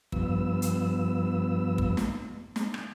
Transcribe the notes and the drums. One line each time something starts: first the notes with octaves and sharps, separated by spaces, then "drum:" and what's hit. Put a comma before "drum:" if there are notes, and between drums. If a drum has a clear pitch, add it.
G2 F3 B3 E6, drum: kick
drum: hi-hat
drum: kick
drum: snare
drum: snare
drum: rim click